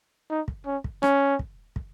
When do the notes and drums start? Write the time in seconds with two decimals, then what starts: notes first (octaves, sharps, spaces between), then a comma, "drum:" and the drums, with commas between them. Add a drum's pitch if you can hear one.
0.30 D#4
0.48 drum: kick
0.66 C#4
0.84 drum: kick
1.03 C#4, drum: rim click
1.39 drum: kick
1.76 drum: kick